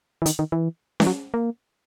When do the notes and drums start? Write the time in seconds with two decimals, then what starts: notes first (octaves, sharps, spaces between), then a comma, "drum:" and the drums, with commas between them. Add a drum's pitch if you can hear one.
0.22 E3
0.26 D#3, drum: hi-hat
0.39 D#3
0.52 E3
1.00 E3, drum: snare C#4
1.07 F#3
1.34 A#3